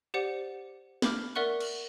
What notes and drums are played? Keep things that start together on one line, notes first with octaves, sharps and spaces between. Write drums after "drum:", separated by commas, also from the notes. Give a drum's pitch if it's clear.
G4 C5 D5 F#5 D6 C#7
B5 D6 F6, drum: snare
A#4 D5 E5 F#5 C#6 F#6
drum: cymbal